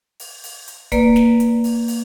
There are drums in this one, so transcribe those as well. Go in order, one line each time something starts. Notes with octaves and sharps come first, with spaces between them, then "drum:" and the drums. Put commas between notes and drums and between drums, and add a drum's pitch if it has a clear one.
drum: open hi-hat
drum: open hi-hat
drum: hi-hat
A#3 B4 D5, drum: kick, hi-hat
drum: snare
drum: hi-hat
drum: open hi-hat
drum: open hi-hat